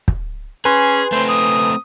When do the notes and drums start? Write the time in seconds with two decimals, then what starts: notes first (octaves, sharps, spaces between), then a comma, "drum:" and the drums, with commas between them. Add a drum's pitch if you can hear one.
0.08 drum: kick
0.65 C#4 G#4 B4 G#5 C6
1.12 A3 C4 C5
1.29 D#6